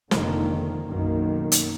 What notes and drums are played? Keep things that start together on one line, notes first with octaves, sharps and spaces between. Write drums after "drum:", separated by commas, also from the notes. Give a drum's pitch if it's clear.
F1 D3 D#3 A#3, drum: snare
B1 F#2 D#3 A#3
drum: hi-hat